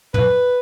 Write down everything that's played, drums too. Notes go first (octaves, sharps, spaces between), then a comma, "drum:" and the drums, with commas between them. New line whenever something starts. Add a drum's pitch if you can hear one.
B4, drum: tom